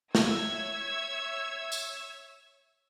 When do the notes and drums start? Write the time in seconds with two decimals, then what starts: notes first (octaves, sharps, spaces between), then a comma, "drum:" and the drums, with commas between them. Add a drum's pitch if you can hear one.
0.15 C#5 E5 E6 G#6, drum: snare
1.72 drum: tambourine